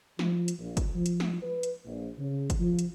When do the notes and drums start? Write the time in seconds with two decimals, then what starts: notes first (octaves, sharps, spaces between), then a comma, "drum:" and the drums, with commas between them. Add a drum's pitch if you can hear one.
0.19 F3, drum: snare
0.48 drum: hi-hat
0.59 A#1
0.77 drum: kick, hi-hat
0.95 F3
1.06 drum: hi-hat
1.20 drum: snare
1.43 B4
1.63 drum: hi-hat
1.85 A#1
2.18 C#3
2.50 drum: kick, hi-hat
2.60 F3
2.79 drum: hi-hat